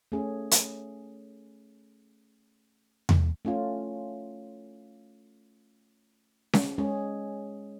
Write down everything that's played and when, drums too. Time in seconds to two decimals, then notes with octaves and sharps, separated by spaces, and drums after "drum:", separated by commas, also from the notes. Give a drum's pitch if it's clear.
0.12 A3 C#4 G#4
0.51 drum: hi-hat
3.09 drum: tom E2
3.45 A3 C#4 F4
6.53 drum: snare C#4
6.78 G#3 C#4 G#4